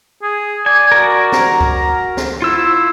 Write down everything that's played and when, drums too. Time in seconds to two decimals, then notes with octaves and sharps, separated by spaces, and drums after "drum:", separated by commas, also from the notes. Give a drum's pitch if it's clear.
0.22 G#4
0.66 D5 G#5
0.92 F#4 A#4
1.32 A#5, drum: snare
1.61 drum: kick C#2
2.17 drum: snare
2.42 E4 F4 E6